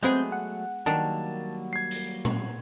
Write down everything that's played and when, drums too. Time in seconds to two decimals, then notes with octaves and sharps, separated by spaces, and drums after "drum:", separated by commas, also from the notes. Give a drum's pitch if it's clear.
0.03 F#3 G#3 A3 B3 C4 G#4 G6
0.32 F#5
0.86 D#3 F#3 G3 A#3 D4 A5
1.73 G#6 C7
1.91 drum: hi-hat
2.25 drum: tom A#2